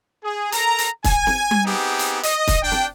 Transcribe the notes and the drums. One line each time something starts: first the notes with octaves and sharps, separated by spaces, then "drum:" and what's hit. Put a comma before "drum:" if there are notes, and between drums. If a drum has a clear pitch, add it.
G#4
A4 A#4 A#5, drum: hi-hat
drum: hi-hat
G#5, drum: kick, hi-hat
drum: snare
drum: tom G3
B3 C4 D#4 G4 G#4
drum: hi-hat
D#5, drum: hi-hat
drum: kick, hi-hat
D4 G5
drum: snare